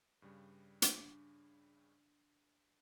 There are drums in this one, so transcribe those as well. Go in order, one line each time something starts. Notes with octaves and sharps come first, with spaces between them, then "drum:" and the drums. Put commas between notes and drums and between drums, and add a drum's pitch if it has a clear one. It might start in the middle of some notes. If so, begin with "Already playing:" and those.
G2 C#3 G3
D4, drum: hi-hat